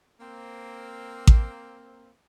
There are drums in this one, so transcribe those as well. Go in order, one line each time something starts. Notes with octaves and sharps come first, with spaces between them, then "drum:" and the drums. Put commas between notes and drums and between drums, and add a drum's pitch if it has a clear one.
A#3 C4
drum: kick A1